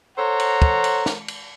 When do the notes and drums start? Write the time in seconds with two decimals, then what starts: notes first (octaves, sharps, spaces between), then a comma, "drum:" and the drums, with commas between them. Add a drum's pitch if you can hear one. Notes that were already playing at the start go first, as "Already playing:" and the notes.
0.17 A4 C5 C#5 F#5 A#5
0.39 drum: cymbal
0.62 drum: kick
0.84 drum: cymbal
1.06 drum: snare
1.28 drum: cymbal